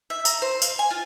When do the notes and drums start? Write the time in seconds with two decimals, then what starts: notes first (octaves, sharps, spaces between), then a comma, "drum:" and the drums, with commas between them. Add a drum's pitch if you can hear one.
0.10 E5
0.25 A#5, drum: tambourine
0.42 C5
0.62 F5, drum: tambourine
0.79 G#5
0.90 F4